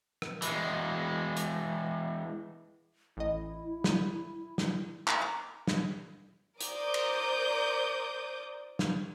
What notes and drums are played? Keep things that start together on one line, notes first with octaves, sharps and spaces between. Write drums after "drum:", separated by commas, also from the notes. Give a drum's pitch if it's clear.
drum: rim click
E3 G#3, drum: hi-hat
drum: hi-hat
A1 E4 D#5
drum: snare
drum: snare
drum: clap
A#5 D6
drum: snare
A#4 C5 D5 D6 D#6 G6, drum: hi-hat
drum: cymbal
drum: snare